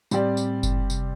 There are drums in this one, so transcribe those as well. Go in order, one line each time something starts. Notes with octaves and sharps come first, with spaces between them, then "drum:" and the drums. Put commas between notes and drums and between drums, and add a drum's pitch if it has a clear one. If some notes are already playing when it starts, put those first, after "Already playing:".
A2 G3 C4 G4 D5, drum: tambourine
drum: tambourine
drum: kick F#1, tambourine
C3, drum: tambourine